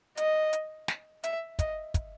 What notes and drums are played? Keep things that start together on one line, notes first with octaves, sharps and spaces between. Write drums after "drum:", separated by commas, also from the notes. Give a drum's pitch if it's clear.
D#5, drum: hi-hat
drum: hi-hat
drum: snare
E5, drum: hi-hat
D#5, drum: kick, hi-hat
drum: kick, hi-hat